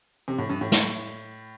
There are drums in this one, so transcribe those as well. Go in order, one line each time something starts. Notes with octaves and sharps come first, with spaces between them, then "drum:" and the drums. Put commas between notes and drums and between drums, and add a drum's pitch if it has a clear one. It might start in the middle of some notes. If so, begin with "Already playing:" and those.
C3
A2
G2
A2
drum: snare